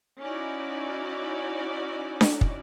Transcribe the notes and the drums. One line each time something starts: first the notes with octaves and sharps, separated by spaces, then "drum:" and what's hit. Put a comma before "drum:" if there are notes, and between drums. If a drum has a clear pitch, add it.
C#4 D#4 E4 F#4 D5
drum: snare D4
drum: kick